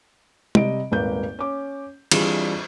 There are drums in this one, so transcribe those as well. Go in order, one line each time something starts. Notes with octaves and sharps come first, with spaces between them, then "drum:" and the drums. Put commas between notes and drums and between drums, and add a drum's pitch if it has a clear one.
C3 G3 D#5 D7, drum: tom
D#1 G#1 A#3 B4 G6
C#4 D6
E3 G3 C4 D4 F4 G#4, drum: cymbal